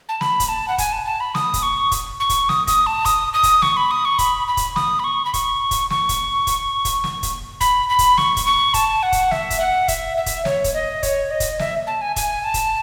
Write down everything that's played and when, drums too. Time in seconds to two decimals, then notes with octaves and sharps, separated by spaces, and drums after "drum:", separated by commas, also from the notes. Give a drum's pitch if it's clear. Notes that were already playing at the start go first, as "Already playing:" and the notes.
0.09 A5
0.21 B5, drum: snare
0.40 drum: kick, hi-hat
0.49 A5
0.68 F#5
0.78 G#5, drum: kick, hi-hat
0.92 A5
1.06 A5
1.20 B5
1.35 D#6, drum: snare
1.54 drum: kick, hi-hat
1.63 C#6
1.92 drum: kick, hi-hat
2.20 C#6
2.29 drum: kick, hi-hat
2.49 D#6, drum: snare
2.67 D#6, drum: kick, hi-hat
2.86 A5
3.05 D#6, drum: kick, hi-hat
3.34 D#6
3.43 drum: kick, hi-hat
3.62 C#6, drum: snare
3.77 B5
3.91 D#6
4.05 C#6
4.19 B5, drum: kick, hi-hat
4.48 B5
4.57 drum: kick, hi-hat
4.76 D#6, drum: snare
4.99 B5
5.04 C#6
5.25 B5
5.34 C#6, drum: kick, hi-hat
5.71 drum: kick, hi-hat
5.90 C#6, drum: snare
6.09 drum: kick, hi-hat
6.47 drum: kick, hi-hat
6.85 drum: kick, hi-hat
7.04 drum: snare
7.23 drum: kick, hi-hat
7.61 B5, drum: kick, hi-hat
7.89 B5
7.99 drum: kick, hi-hat
8.18 C#6, drum: snare
8.37 drum: kick, hi-hat
8.46 C#6
8.74 A5, drum: kick, hi-hat
9.03 F#5
9.12 drum: kick, hi-hat
9.31 E5, drum: snare
9.50 drum: kick, hi-hat
9.60 F#5
9.88 E5, drum: kick, hi-hat
10.17 E5
10.26 drum: kick, hi-hat
10.45 C#5, drum: snare
10.64 drum: kick, hi-hat
10.74 D#5
11.03 C#5, drum: kick, hi-hat
11.31 D#5
11.40 drum: kick, hi-hat
11.59 E5, drum: snare
11.87 A5
12.01 G#5
12.16 G#5, drum: kick, hi-hat
12.44 A5
12.54 drum: kick, hi-hat